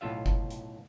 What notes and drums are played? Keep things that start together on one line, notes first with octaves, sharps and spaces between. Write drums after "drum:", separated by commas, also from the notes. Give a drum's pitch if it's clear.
B1 A2 B3 F4 E5 F5
drum: kick G1
drum: hi-hat